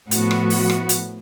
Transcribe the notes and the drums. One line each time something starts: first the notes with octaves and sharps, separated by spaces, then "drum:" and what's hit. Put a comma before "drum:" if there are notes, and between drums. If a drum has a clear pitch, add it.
A2 F3 B3 F#4, drum: hi-hat
drum: rim click
drum: open hi-hat
drum: rim click
drum: hi-hat